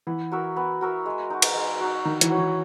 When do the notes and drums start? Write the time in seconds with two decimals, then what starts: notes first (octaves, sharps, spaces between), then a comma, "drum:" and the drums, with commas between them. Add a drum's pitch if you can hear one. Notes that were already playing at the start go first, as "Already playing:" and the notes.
0.07 E3 B3
0.32 F#4 A#4 E5
0.56 B3
0.81 F#4 A#4 E5
1.06 G#3
1.30 D#4 F#4
1.42 drum: cymbal
1.55 G#3
1.80 D#4 F#4
2.05 D#3 D#4
2.21 E3, drum: hi-hat
2.30 F#4 C#5
2.38 E3